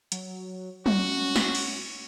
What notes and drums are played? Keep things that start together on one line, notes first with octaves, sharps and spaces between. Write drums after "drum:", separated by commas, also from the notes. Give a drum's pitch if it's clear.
F#3, drum: hi-hat
C#4 F#4, drum: tom F#3
drum: snare
drum: cymbal